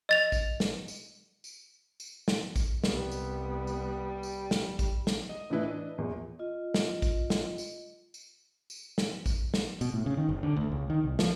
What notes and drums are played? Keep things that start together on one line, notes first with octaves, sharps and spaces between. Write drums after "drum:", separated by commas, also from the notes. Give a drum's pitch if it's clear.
D#5 A6 F7
drum: kick A1, tambourine
drum: snare
drum: tambourine
drum: tambourine
drum: tambourine
drum: snare
drum: kick A1, tambourine
C2 G3 B3, drum: snare
drum: tambourine
drum: tambourine
drum: tambourine
drum: snare
drum: kick A1, tambourine
drum: snare
D#5
A2 E3 D4 E4 B4 D#5
D4 B4 D#5
D#1 A#1 E2
F4 D#5
drum: snare
drum: kick A1, tambourine
drum: snare
drum: tambourine
drum: tambourine
drum: tambourine
drum: snare
drum: kick A1, tambourine
drum: snare
B2, drum: tambourine
A2
C#3
D#3
F#1
D3
D2
C#2
D#3
C2
F3, drum: snare